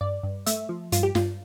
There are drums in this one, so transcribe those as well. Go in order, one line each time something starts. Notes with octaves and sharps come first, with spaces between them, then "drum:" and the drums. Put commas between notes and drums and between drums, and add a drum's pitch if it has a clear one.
G2 D5
G2
A3 E5, drum: hi-hat
F3
G2 F4, drum: hi-hat
G4
G2 F4, drum: snare